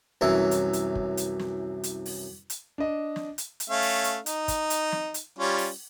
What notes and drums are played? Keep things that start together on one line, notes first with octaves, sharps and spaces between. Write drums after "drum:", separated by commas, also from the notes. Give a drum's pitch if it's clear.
C2 F#2 E3 C#5 E5
drum: hi-hat
drum: hi-hat
drum: kick
drum: hi-hat
drum: snare
drum: hi-hat
drum: open hi-hat
drum: hi-hat
D4 D#5
drum: snare
drum: hi-hat
drum: hi-hat
A3 C#4 F5
drum: open hi-hat
drum: hi-hat
D#4, drum: hi-hat
drum: kick, hi-hat
drum: hi-hat
drum: snare
drum: hi-hat
G3 C#4 F4
drum: open hi-hat